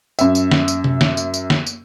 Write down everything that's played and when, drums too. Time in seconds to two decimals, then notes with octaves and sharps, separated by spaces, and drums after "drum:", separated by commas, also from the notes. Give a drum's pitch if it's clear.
0.19 F#2 E5, drum: tambourine
0.35 drum: tambourine
0.51 drum: snare
0.68 drum: tambourine
0.84 drum: tom C3
1.01 drum: snare
1.17 drum: tambourine
1.34 drum: tambourine
1.50 drum: snare
1.67 drum: tambourine